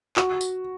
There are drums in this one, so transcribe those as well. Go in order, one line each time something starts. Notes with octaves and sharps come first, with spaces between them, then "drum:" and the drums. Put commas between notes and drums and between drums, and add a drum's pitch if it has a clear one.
F#4, drum: clap
drum: tambourine